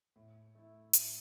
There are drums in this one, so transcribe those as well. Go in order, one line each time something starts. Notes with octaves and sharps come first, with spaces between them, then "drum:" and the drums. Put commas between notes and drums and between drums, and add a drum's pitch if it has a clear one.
A2
A3 E4
A2, drum: hi-hat